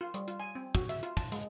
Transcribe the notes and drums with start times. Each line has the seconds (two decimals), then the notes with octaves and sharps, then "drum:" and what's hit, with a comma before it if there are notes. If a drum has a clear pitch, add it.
0.01 F4
0.14 G3, drum: hi-hat
0.28 F4, drum: hi-hat
0.40 G#5
0.55 C4
0.75 F#4, drum: kick, hi-hat
0.89 E5, drum: hi-hat
1.03 F4, drum: hi-hat
1.17 A5, drum: kick, hi-hat
1.32 G#3, drum: hi-hat